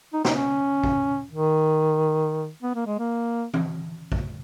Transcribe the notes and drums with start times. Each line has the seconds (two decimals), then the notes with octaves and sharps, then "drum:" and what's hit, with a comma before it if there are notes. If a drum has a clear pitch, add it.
0.13 D#4
0.25 D#4, drum: snare
0.35 C#4
0.84 drum: kick
1.32 D#3
2.63 B3
2.75 A#3
2.86 G#3
2.99 A#3
3.54 drum: tom E3
4.12 drum: kick